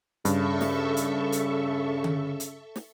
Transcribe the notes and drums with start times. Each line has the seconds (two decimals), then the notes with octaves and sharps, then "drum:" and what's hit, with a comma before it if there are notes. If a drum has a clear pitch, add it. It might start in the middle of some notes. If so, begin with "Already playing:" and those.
0.25 G2 C#3 A4 E5 C#6, drum: hi-hat
0.61 drum: snare
0.97 drum: hi-hat
1.32 drum: hi-hat
2.04 drum: tom D3
2.40 drum: hi-hat
2.76 drum: snare